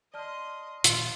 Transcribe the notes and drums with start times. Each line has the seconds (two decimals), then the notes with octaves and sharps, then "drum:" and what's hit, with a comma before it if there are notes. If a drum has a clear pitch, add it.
0.14 D5 D#5 A5 C6 F6
0.84 A#2 D#3 F3 F4, drum: hi-hat